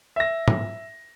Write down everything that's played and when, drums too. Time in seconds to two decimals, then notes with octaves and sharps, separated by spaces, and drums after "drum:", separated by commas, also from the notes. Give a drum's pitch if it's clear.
0.16 E5 A#6
0.48 drum: tom G#2